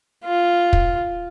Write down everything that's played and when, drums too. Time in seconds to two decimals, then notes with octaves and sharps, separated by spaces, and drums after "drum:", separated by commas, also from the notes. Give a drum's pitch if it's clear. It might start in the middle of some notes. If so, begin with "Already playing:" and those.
0.24 F4
0.73 drum: kick